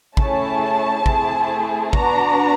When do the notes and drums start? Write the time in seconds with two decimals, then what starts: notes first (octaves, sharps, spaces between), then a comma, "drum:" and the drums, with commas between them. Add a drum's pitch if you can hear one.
0.17 A3 C#4 E4 G#4 A5, drum: kick
1.06 A3 C4 E4 G#4, drum: kick
1.93 B3 D4 F#4 A#5, drum: kick